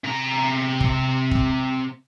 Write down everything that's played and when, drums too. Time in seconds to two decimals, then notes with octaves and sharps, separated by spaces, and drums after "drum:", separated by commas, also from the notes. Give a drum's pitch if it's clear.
0.04 C3 A#5
0.80 drum: kick
1.31 drum: kick